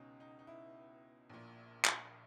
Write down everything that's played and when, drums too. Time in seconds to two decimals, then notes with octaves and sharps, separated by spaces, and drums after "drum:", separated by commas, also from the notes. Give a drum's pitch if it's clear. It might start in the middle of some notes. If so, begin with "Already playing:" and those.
Already playing: C#2 B2 C#4 D#4
0.20 D#4
0.39 D#4
0.47 E4
1.30 A#1 A#2
1.85 drum: clap